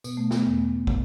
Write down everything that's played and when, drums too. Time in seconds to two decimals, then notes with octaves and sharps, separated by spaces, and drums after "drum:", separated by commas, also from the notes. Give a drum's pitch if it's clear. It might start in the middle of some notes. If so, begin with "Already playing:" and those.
0.04 B2 B3, drum: tambourine
0.17 A3
0.31 B3, drum: snare
0.47 E2
0.87 B2, drum: kick